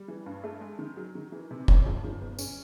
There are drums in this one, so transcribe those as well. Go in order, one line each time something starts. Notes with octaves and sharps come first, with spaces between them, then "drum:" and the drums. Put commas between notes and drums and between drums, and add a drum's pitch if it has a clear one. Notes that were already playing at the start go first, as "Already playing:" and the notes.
Already playing: G3
E3
G2
A3
G#3
D#3
F#3
D#3
E3
C3
F#2, drum: kick
F3
D#3
B3
C#4, drum: tambourine